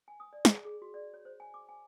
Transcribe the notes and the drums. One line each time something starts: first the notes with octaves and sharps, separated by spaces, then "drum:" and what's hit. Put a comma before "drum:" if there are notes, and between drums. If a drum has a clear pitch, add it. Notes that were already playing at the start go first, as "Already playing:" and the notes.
G#5
D#6
D5
G#4, drum: snare
G#4
F#4
D5
C#5
C5
G#5
D6
G#5